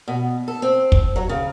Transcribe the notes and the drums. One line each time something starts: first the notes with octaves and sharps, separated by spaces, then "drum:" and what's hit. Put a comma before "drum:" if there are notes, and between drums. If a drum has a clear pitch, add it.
B2
A4
C4
drum: kick
F#3
C#3